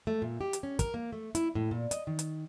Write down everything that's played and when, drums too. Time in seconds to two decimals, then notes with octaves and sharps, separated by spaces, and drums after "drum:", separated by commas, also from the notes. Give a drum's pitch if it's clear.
0.07 A3
0.22 A#2
0.41 G4
0.53 drum: hi-hat
0.63 C#4
0.79 A#4, drum: kick, hi-hat
0.94 A#3
1.12 A3
1.35 E4, drum: hi-hat
1.55 A2
1.71 A#2
1.91 D#5, drum: hi-hat
2.07 D#3
2.19 drum: hi-hat